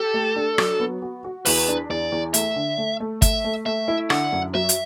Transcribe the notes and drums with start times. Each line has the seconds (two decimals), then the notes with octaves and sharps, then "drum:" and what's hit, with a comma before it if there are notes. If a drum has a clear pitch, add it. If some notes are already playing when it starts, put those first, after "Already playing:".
Already playing: G4 A4
0.14 A3
0.36 D4
0.58 F#3, drum: rim click
0.80 B3
1.02 F#4
1.24 F#4
1.45 E2 B4, drum: open hi-hat
1.68 D4
1.90 E2 D5
2.12 E2
2.34 A3 E5, drum: hi-hat
2.56 D3
2.78 A3
3.00 A3
3.22 A3 E5, drum: kick, hi-hat
3.45 A3
3.66 A3 E5
3.88 E4
4.10 D3 F#5, drum: rim click
4.32 F#2
4.55 F#3 E5
4.69 drum: hi-hat